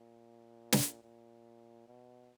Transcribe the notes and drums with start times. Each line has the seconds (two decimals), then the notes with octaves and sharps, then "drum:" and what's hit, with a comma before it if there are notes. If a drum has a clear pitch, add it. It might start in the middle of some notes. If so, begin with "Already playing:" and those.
Already playing: A#2
0.72 drum: snare
1.03 A#2
1.87 B2